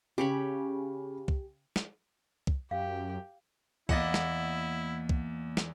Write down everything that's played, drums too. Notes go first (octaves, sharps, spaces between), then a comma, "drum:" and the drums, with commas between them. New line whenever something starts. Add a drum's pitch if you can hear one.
C#3 G4 C#5 B5
drum: kick
drum: snare
drum: kick
F#2 G4 F5
E2 A#3 E4 D#5 F#5 D6 A6, drum: kick
drum: snare
drum: kick
drum: snare